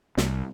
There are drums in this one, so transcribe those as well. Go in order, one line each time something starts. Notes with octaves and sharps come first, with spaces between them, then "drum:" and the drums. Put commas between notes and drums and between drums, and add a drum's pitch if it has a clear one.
C2, drum: snare